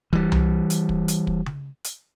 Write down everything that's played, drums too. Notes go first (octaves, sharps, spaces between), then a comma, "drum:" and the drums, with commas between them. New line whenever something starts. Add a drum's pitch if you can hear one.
E3 G3, drum: kick
drum: tom C2
drum: hi-hat
drum: kick
drum: hi-hat
drum: kick
drum: tom C#3
drum: hi-hat